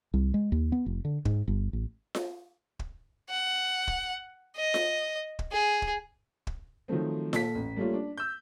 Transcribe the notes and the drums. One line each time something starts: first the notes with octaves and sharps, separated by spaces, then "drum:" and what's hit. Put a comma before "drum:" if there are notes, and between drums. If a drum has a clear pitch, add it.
C2
G#3
D#2
B3
F1
D3
G#2, drum: kick
G1
A1
drum: snare F4
drum: kick
F#5
drum: kick
D#5
drum: snare F4
drum: kick
G#4
drum: kick
drum: kick
D#3 F3 F#3 A3 C4
A#2 A4 B6, drum: snare F4
A1
G3 A3 A#3 C#4 F4
D4
E6 G6